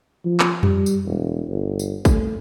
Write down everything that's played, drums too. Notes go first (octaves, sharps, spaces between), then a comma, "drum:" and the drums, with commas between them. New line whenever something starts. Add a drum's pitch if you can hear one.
F3
drum: clap
G3, drum: tom F2
drum: tambourine
E1
G1
drum: tambourine
A3, drum: kick, tambourine